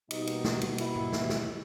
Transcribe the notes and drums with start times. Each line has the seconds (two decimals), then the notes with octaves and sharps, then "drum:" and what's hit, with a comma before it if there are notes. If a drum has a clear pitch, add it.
0.11 B2 G3 A#3 D#4, drum: cymbal
0.27 drum: cymbal
0.44 drum: snare
0.61 drum: cymbal
0.78 E4, drum: cymbal
0.96 drum: tom G#2
1.13 drum: snare
1.30 drum: snare